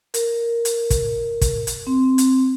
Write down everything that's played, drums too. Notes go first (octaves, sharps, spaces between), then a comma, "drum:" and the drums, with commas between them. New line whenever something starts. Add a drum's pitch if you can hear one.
A#4, drum: hi-hat
drum: hi-hat
drum: kick, hi-hat
drum: kick, hi-hat
drum: hi-hat
C4
drum: hi-hat